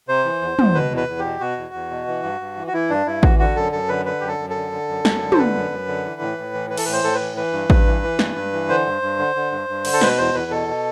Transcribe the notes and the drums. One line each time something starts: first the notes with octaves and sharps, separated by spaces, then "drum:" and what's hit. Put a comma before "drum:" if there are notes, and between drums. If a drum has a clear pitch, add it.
C3 C5
E3
E2
E2, drum: tom
B2 B4
E2
B4
E2
G4
B2
B2 F#4
E2
E2
B2
E3
G2
G2
E3
F#4
E3 E4
G2 D4
G2 E4
E3 F#4, drum: kick A1
D3 F#4
F#2 A4
F#2 A4
D3 B4
D3 B4
F#2 G4
A4
F#2
A4
D3
D3
F#2
F#2, drum: snare
D3
C5, drum: tom
D3 B4
F#2
F#2
D3
E3
A2
A2
E3
E3 B4
A4, drum: cymbal
A2 B4
C5
A2 A4
B4
E3
E3 B4
G2
G2, drum: kick A1
E3
E3
G2, drum: snare
G2
E3
D3 C5
G2
G2
D3
D3
G2
G2
D3, drum: cymbal
A4
B2 B4, drum: snare
E2 C5
E2 B4
B2 A4
B2